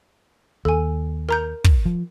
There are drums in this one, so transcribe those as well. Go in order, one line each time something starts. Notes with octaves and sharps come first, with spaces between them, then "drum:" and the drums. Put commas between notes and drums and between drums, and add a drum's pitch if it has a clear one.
D#2 A4 G#5
A#4 A#5 G6
drum: kick
F3